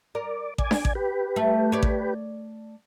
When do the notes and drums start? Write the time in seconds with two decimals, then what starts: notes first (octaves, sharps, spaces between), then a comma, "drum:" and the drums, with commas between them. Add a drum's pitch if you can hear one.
0.15 A#4 D5
0.58 D5 G#5, drum: kick A1
0.71 drum: snare D4
0.85 drum: kick A1
0.95 G4 B4
1.36 A3
1.72 C#5 D5
1.83 drum: kick A1